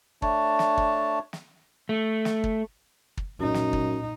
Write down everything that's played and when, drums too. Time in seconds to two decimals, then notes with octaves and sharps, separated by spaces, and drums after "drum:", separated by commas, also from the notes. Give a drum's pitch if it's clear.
0.22 A3 D4 C#5 A5, drum: kick
0.59 drum: snare
0.77 drum: kick
1.33 drum: snare
1.89 A3
2.25 drum: snare
2.44 drum: kick
3.17 drum: kick
3.40 F#2 A#2 D#4
3.54 drum: snare
3.73 drum: kick